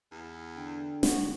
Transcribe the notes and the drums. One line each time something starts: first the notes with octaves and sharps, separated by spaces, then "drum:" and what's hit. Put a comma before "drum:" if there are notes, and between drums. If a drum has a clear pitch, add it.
E2
D3 G5
A2 F#4 F#5, drum: snare